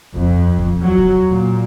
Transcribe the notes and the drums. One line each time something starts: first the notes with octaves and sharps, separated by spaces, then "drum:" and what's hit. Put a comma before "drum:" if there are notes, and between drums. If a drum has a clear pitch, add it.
F2, drum: kick D#2
drum: kick D#2
F#3
drum: kick D#2
A#2